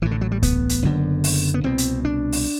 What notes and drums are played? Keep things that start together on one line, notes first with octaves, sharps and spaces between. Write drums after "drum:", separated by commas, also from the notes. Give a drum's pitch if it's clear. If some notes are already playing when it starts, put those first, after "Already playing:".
A1 A2 E3
D3
F#3
G3
B3, drum: kick C#2, hi-hat
drum: hi-hat
F#1 F#2 D3
drum: open hi-hat
B3
C2 B2 C4
drum: hi-hat
D4
drum: open hi-hat